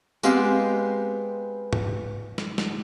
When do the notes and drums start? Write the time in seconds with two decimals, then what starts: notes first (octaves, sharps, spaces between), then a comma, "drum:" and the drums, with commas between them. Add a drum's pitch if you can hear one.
0.23 G#3 B3 C4 G4 F5, drum: tambourine
1.73 drum: tom G#2
2.38 drum: snare
2.58 drum: snare